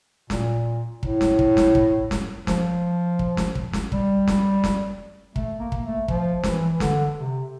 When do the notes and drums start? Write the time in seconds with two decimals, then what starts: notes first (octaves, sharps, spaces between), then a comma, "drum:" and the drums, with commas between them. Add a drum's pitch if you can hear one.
0.30 A#2, drum: snare
1.03 A2, drum: kick
1.21 drum: snare
1.39 drum: kick
1.57 drum: snare
1.75 drum: kick
2.11 drum: snare
2.47 F3, drum: snare
3.19 drum: kick
3.37 drum: snare
3.55 drum: kick
3.73 drum: snare
3.92 G3, drum: kick
4.28 drum: snare
4.64 drum: snare
5.36 A3, drum: kick
5.60 A#3
5.72 drum: kick
5.84 A3
6.08 F3, drum: kick
6.43 E3, drum: snare
6.80 D3, drum: snare
7.17 C3